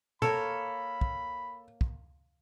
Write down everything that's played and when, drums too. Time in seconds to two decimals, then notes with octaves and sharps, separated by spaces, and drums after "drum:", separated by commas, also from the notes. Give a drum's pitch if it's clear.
0.22 A#3 A4 A#4 C#5 B5, drum: tom
1.01 drum: kick
1.81 drum: kick